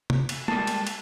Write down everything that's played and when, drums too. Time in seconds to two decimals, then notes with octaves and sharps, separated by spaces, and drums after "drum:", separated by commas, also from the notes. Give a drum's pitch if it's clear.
0.10 drum: tom
0.29 drum: cymbal
0.48 G3 G#3 A#3 A5, drum: tom G#3
0.67 drum: cymbal
0.87 drum: cymbal